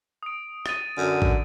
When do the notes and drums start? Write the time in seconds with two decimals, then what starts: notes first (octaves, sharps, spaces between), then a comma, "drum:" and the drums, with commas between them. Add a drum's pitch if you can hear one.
0.23 D#6 D7
0.66 D#6 A6 D#7, drum: rim click
0.97 F#2 D3
1.22 drum: kick